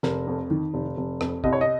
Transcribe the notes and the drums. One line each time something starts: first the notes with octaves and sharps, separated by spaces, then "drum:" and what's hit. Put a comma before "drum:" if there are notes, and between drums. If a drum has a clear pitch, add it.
F1 A#4, drum: snare
F2
D#3
F1
F1
F2, drum: rim click
C2 D#5, drum: kick
C#5
D#5